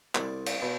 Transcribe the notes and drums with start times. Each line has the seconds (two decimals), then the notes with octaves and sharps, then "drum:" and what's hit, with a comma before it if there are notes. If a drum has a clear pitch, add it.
0.15 C2 D5, drum: clap
0.46 drum: cymbal
0.62 B2